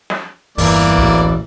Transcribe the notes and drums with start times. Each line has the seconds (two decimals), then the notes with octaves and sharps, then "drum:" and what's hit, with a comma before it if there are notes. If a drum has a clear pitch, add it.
0.10 drum: snare
0.58 G1 E2 E3 A#3 D5, drum: open hi-hat
0.98 D1 A1, drum: kick